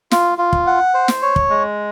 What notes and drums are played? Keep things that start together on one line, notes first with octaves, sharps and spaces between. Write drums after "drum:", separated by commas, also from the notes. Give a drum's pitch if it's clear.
F4, drum: snare
F4
drum: kick
F#5
C5
drum: snare
C#5
drum: kick
G#3